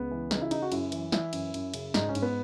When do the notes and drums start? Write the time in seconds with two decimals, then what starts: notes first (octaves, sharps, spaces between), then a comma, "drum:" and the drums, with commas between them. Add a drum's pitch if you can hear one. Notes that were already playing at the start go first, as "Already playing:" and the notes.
Already playing: C#2 B3
0.11 E3
0.31 C#3 D#4, drum: snare
0.41 E4
0.51 C#3 D#4, drum: cymbal
0.62 F#4
0.72 F#2 E4, drum: cymbal
0.92 E3, drum: cymbal
1.12 E3 E4, drum: snare
1.33 F#2, drum: cymbal
1.54 F#2, drum: cymbal
1.74 C#3, drum: cymbal
1.94 G#2 D#4, drum: snare
2.09 C#4
2.15 G#2, drum: cymbal
2.22 B3